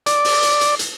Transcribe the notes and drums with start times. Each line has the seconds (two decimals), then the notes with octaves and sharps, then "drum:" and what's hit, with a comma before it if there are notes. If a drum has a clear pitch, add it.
0.06 D5, drum: hi-hat
0.25 drum: open hi-hat
0.43 drum: hi-hat
0.61 drum: hi-hat
0.79 drum: hi-hat